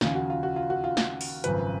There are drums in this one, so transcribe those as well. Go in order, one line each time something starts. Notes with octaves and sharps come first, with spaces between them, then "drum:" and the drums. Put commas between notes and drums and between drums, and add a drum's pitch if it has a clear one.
D#2 C#3 F3 F4, drum: snare
F#4
F4
F#4
F4
F#4
F4
drum: snare
drum: open hi-hat
G#1 F#2 C#3 F3 B4, drum: hi-hat